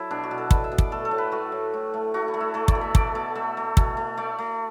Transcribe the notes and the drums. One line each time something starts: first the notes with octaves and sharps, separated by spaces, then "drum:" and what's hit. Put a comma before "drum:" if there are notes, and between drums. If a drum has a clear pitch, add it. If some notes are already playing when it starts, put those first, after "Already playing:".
Already playing: F#3 E4 A4 D5
B2 D4
F#4
B2
A4
B2 B4, drum: kick
E5
B2
D5, drum: kick
A3 A4
A4
A2
B4
A3 F#4
A2
A2
A3
A3 F#4
E4
A3
E4
A3 A4
D5, drum: kick
B2
E5
A3 D5, drum: kick
B2 D5
A3 E5
A3
B2, drum: kick
A3
A3 D5
A3